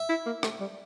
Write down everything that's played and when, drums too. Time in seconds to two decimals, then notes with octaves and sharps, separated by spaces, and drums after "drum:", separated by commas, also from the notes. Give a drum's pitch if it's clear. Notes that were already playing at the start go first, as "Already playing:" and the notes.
Already playing: E5
0.09 E4
0.26 A#3
0.43 A3, drum: rim click
0.61 G3